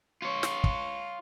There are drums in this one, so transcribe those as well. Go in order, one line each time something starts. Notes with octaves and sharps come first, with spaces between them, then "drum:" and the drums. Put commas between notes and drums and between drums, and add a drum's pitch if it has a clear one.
F4 C#5
drum: snare
drum: kick